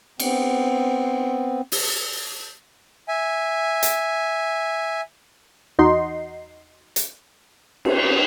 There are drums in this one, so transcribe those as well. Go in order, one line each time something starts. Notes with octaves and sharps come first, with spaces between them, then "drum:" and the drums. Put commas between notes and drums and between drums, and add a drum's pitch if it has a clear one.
B3 C4, drum: cymbal
drum: open hi-hat
E5 G#5
drum: hi-hat
E2 D#4 F#4 C6
drum: hi-hat
drum: cymbal